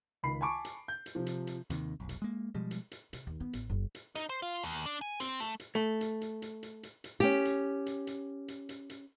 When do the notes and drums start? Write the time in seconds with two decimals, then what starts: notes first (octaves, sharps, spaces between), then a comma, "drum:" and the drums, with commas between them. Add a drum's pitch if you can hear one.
0.23 C#2 D#3 B5 C7
0.41 G#5 A5 B5 C#6 D6 D7
0.65 drum: hi-hat
0.88 G6
1.06 drum: hi-hat
1.15 C3 F3
1.26 drum: hi-hat
1.47 drum: hi-hat
1.70 D#2 C3 D#3, drum: hi-hat
2.00 F1 B1
2.09 drum: hi-hat
2.22 G#3 A#3
2.55 B2 F3 G3 G#3
2.71 drum: hi-hat
2.91 drum: hi-hat
3.13 C3, drum: hi-hat
3.27 D#2
3.40 B3
3.53 A1, drum: hi-hat
3.70 F#1
3.95 drum: hi-hat
4.15 D#4, drum: hi-hat
4.29 C5
4.42 F4
4.63 D#2
4.86 D4
5.01 G#5
5.20 C4, drum: hi-hat
5.40 A3, drum: hi-hat
5.60 drum: hi-hat
5.75 A3
6.01 drum: hi-hat
6.21 drum: hi-hat
6.42 drum: hi-hat
6.63 drum: hi-hat
6.83 drum: hi-hat
7.04 drum: hi-hat
7.20 C#4 G4
7.45 drum: hi-hat
7.86 drum: hi-hat
8.07 drum: hi-hat
8.48 drum: hi-hat
8.69 drum: hi-hat
8.90 drum: hi-hat